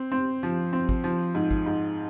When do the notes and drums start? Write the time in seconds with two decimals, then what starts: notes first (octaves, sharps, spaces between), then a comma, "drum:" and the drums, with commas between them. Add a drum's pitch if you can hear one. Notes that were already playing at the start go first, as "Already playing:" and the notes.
Already playing: C4
0.12 C4
0.43 F3
0.73 C4
0.89 drum: kick G#1
1.04 F3
1.35 G#2
1.51 drum: kick G#1
1.66 G#2